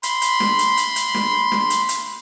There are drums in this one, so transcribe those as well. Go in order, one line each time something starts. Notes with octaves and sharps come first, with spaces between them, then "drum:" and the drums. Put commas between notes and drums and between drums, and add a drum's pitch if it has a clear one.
B5 C6, drum: hi-hat
drum: hi-hat
drum: snare
drum: hi-hat
drum: hi-hat
drum: hi-hat
drum: snare
drum: snare
drum: hi-hat
drum: hi-hat